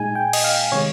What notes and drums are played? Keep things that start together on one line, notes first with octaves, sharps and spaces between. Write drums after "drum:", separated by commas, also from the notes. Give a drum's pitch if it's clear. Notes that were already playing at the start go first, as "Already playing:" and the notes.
Already playing: A#2 G#3 D#4 G#5
G5
D#5, drum: cymbal
F5
C3 D#3 G#3 C#5